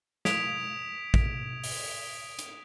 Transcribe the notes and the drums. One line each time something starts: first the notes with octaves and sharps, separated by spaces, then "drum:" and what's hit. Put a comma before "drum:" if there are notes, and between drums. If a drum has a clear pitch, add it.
D#6 G#6 B6 D7 F7, drum: snare
drum: kick
drum: open hi-hat
drum: hi-hat